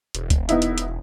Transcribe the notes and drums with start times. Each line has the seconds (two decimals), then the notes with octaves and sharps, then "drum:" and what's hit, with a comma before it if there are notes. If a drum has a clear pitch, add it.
0.15 E1, drum: hi-hat
0.30 drum: kick C#2, hi-hat
0.49 B3 D#4 E4, drum: hi-hat
0.62 drum: hi-hat
0.78 drum: hi-hat